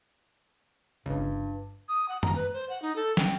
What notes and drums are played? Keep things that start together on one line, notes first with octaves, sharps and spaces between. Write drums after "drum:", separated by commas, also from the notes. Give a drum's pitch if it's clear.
G1 C#2 G2
D#6
F#5
A#5, drum: tom
B4
C5
F#5
D#4
A4
G5, drum: snare